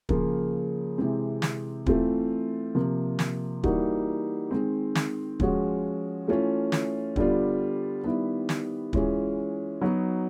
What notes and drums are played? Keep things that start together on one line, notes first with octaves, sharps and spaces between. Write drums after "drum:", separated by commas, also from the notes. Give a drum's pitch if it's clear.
C#3 F3 A#3, drum: kick
C3 E3 G#3 C4
drum: snare
E3 A3 C4 F4, drum: kick
C3 F3 A#3
drum: snare
E3 G3 A#3 D#4 F#4, drum: kick
D#3 G#3 C4
drum: snare
F3 G#3 C#4 F#4, drum: kick
E3 A3 C#4 F4
drum: snare
D3 G3 B3 D4 F4, drum: kick
D#3 G3 B3 E4
drum: snare
E3 G#3 C#4 F4, drum: kick
F#3 B3 D#4 F#4